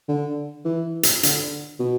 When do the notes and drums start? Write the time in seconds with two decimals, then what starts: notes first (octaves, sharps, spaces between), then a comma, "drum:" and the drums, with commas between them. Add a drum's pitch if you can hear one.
0.08 D3
0.65 E3
1.03 drum: hi-hat
1.23 D3, drum: hi-hat
1.79 B2